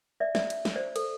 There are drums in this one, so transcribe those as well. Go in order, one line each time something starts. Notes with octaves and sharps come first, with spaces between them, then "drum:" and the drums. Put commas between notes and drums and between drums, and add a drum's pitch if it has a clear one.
D5 E5
D5 E5, drum: snare
drum: cymbal
drum: snare
C5 D5
A4, drum: cymbal